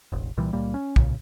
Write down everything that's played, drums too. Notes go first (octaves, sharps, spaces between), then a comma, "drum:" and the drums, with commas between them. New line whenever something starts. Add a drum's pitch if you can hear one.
E1 A1
C2 A#2 E3 G3
C#2 A#2 G3 A#3
C#4
C#2 A#2 C#3, drum: kick